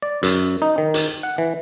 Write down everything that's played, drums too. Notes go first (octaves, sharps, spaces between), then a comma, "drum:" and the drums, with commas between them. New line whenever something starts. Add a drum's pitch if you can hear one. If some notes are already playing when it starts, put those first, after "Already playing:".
D5
F#2, drum: hi-hat
D#4
D#3
drum: hi-hat
F#5
E3